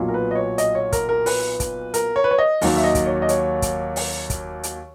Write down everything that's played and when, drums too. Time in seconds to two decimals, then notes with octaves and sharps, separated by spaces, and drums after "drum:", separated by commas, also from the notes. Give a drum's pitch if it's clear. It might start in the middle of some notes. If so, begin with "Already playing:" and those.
Already playing: B1 A#2 F#3
0.08 A#4
0.14 B4
0.31 D#5
0.35 C#5
0.58 D#5, drum: hi-hat
0.75 C#5
0.92 A#4, drum: kick, hi-hat
1.09 A#4
1.26 B4, drum: open hi-hat
1.60 drum: kick, hi-hat
1.94 A#4, drum: hi-hat
2.16 C#5
2.24 B4
2.31 C#5
2.39 D#5
2.61 D#2 D#3 F#3, drum: open hi-hat
2.77 E5
2.84 D#5
2.95 drum: kick, hi-hat
3.06 C#5
3.22 D#5
3.29 C#5, drum: hi-hat
3.62 drum: kick, hi-hat
3.96 drum: open hi-hat
4.30 drum: kick, hi-hat
4.63 drum: hi-hat